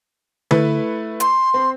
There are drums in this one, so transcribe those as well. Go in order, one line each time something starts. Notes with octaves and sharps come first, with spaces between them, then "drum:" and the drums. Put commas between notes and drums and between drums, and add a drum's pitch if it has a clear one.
A3 E4 B4, drum: tom D3
C6, drum: hi-hat
C4